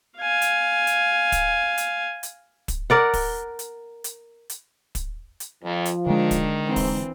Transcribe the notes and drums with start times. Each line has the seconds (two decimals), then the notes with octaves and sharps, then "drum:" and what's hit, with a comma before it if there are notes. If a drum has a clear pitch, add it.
0.19 F5 G#5
0.42 drum: hi-hat
0.87 drum: hi-hat
1.32 drum: kick, hi-hat
1.78 drum: hi-hat
2.23 drum: hi-hat
2.68 drum: kick, hi-hat
2.90 A#4 D5 F#5
3.14 drum: kick, open hi-hat
3.59 drum: hi-hat
4.04 drum: hi-hat
4.50 drum: hi-hat
4.95 drum: kick, hi-hat
5.40 drum: hi-hat
5.64 F2 F3
5.85 drum: hi-hat
6.06 D3 D#3 G#3 D4
6.31 drum: kick, hi-hat
6.65 G#2 E3 C4
6.76 drum: kick, open hi-hat